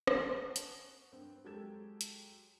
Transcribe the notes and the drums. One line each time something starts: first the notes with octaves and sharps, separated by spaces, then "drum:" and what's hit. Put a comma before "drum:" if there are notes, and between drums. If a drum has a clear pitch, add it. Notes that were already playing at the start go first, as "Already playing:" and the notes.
F#5 G#5 A5 C#6 D#6 A6, drum: rim click
drum: hi-hat
G2 C4
F#3 G#3 G4 A4 G#6 E7
drum: hi-hat